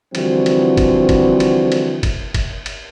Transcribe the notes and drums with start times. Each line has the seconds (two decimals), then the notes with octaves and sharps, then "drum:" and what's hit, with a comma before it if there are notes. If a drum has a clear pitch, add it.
0.15 D3 E3 F3 G3 C4 F#4, drum: cymbal
0.46 drum: cymbal
0.77 drum: kick, cymbal
1.09 drum: kick, cymbal
1.40 drum: cymbal
1.72 drum: cymbal
2.03 drum: kick, cymbal
2.34 drum: kick, cymbal
2.66 drum: cymbal